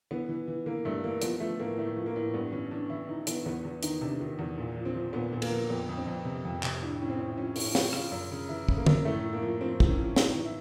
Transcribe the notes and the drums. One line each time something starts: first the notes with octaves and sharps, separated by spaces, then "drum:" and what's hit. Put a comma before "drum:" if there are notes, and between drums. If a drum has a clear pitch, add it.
E3 B3
E3
E3
E3 A#3
G2 A3
E3 A#3
F3 B3, drum: hi-hat
F3 A3
A2 A#3
A2 A3
F3
A#3
A2
G2 B3
E3 C#4
E3 D4
E3 E4
E3 D#4
E3 B3, drum: hi-hat
E2 B3
E2
D#3 D#4, drum: hi-hat
C3 D4
D#3
E2
A#2
F3
C4
F3
A#2 B3
A#2
A#3, drum: cymbal
F3
F2 B3
F2
C4
F2
C3
F2
C3, drum: clap
A2 D4
A2 C#4
C4
A2
F3 C#4
A2, drum: open hi-hat
C#4
F3, drum: snare
C#3 F4, drum: rim click
F#2
C#3
E3 E4
C#3, drum: kick
A#3
F#2, drum: tom
A2 A3
A2
A#3
F3
F3 C4
A2, drum: kick
C#4
F3
A2 D#4, drum: snare
E3
E4